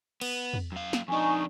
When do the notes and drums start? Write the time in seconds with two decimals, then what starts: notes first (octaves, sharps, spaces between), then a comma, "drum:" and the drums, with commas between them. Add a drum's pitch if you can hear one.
0.21 B3, drum: cymbal
0.54 drum: tom
0.72 F#2 F5
0.93 drum: snare
1.08 F2 D4 D#4 G#5 C#6